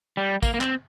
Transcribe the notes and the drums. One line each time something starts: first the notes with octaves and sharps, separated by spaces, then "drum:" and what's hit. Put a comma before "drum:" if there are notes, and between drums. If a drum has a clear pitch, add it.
G3
A#3, drum: kick A1, tambourine
A#3
C4, drum: clap